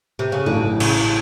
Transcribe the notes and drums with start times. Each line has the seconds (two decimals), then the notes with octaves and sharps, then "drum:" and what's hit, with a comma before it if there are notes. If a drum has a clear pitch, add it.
0.19 C3
0.32 C#3
0.46 A1 A2 D3 F#3
0.80 C#3, drum: cymbal